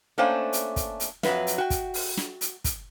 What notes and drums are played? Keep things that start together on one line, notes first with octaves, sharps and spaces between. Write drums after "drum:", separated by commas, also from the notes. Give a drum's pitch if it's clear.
A3 A#3 C#4 D4 C5 G5
drum: hi-hat
drum: kick, hi-hat
drum: hi-hat
F2 F#3 B4 E5, drum: snare
drum: hi-hat
F#4 G5
drum: kick, hi-hat
drum: open hi-hat
drum: snare
drum: hi-hat
drum: kick, hi-hat